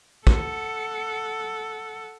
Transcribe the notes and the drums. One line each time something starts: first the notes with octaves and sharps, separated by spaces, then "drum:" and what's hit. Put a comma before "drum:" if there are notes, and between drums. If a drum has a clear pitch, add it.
A4 F#5, drum: kick